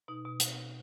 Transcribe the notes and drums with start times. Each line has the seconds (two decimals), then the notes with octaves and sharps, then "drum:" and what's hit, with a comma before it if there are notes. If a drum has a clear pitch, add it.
0.08 B2 D#4
0.25 B2
0.40 drum: hi-hat